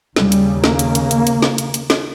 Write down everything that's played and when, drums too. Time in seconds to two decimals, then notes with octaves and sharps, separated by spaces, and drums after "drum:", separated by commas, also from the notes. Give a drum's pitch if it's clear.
0.16 D#2 C#3 G3, drum: snare
0.32 drum: hi-hat
0.64 A#3, drum: snare
0.79 drum: hi-hat
0.95 drum: hi-hat
1.11 drum: hi-hat
1.27 drum: hi-hat
1.42 drum: snare
1.58 drum: hi-hat
1.74 drum: hi-hat
1.90 drum: snare